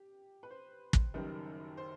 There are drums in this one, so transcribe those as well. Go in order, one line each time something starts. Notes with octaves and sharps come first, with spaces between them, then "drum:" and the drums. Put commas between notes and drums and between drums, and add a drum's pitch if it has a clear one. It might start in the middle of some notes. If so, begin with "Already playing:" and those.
Already playing: G4
B4
C5
drum: kick
F#1 F#2 D#3 G3
C5